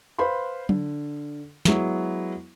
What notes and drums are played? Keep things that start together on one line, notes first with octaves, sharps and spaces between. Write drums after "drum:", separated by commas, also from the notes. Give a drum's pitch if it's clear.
B4 C5 F5 B5 C6
D3, drum: tom
F#3 G#3 B3 E4, drum: snare